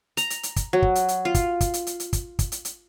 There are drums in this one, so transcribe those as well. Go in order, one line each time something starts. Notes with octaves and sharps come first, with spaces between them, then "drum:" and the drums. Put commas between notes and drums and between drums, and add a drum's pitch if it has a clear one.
A#5, drum: hi-hat
drum: hi-hat
drum: hi-hat
drum: kick, hi-hat
F#3
drum: kick
drum: hi-hat
drum: hi-hat
F4
drum: kick, hi-hat
drum: kick, hi-hat
drum: hi-hat
drum: hi-hat
drum: hi-hat
drum: kick, hi-hat
drum: kick, hi-hat
drum: hi-hat
drum: hi-hat